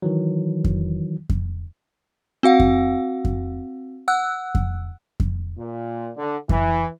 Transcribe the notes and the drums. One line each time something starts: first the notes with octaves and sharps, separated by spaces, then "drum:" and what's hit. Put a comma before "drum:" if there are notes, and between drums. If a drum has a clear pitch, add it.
D#3 E3 F#3
drum: kick F2
drum: kick F2
C4 F#4 F5 F#5
drum: kick F2
drum: kick F2
F#5 E6 F#6
drum: kick F2
drum: kick F2
A#2
D3
E3, drum: kick F2